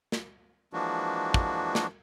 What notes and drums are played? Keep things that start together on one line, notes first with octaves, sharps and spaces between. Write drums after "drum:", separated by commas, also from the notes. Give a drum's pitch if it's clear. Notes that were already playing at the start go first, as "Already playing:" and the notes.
drum: snare
E3 F3 G#3 A#3 D4 F#4
drum: kick
drum: snare